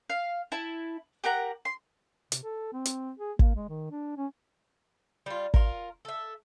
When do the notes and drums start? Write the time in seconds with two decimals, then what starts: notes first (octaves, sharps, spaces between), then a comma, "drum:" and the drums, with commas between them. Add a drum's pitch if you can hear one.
0.10 F5
0.52 E4 A5
1.24 G4 A#4 F#5 A#5
1.65 C6
2.32 C3, drum: hi-hat
2.43 A4
2.73 C4
2.85 drum: hi-hat
3.20 G#4
3.39 A#3, drum: kick
3.56 G#3
3.69 D#3
3.92 D4
4.17 C#4
5.26 G3 F4
5.54 F4 A#4, drum: kick
6.05 A4 E5